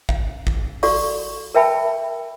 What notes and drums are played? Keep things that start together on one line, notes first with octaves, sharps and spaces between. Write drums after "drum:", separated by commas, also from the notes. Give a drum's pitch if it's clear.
F5, drum: kick A1
drum: kick A1
F#4 A4 D5 F5 C#6, drum: open hi-hat
A#4 B4 E5 G5 A5 B5